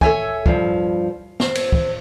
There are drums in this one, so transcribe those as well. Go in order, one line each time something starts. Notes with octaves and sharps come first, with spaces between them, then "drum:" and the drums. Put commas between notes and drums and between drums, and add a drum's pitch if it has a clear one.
A4 C#5 E5 G#5, drum: kick
G2 F3, drum: kick
C4, drum: snare
drum: cymbal
drum: kick